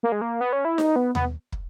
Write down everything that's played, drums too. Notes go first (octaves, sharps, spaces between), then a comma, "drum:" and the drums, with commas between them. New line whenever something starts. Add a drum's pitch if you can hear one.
A#3
G#3
A#3
B3
C#4
E4
D#4, drum: snare D#4
B3
B3, drum: tom D#2
drum: kick